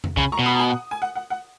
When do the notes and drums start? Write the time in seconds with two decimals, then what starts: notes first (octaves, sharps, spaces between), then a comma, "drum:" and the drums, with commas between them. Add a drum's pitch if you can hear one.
0.04 drum: tom F2
0.17 C#3 G#5 B5, drum: kick C2
0.32 A#5 C#6
0.39 B2
0.46 B5 D#6
0.54 A#5
0.59 G#5 B5
0.70 F#5
0.91 G#5
1.02 F#5
1.15 F#5
1.30 F#5